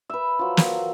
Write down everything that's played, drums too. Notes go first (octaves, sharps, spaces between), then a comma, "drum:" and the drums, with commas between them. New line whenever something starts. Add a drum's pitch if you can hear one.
B4 E5
F3 F#3
A#4, drum: snare